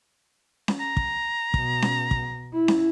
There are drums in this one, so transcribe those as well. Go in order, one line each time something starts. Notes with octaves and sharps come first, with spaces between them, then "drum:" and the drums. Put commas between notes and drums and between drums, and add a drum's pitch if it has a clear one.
drum: snare C#4
A#5
drum: kick
B2, drum: kick
drum: snare C#4
drum: kick
E4
drum: snare C#4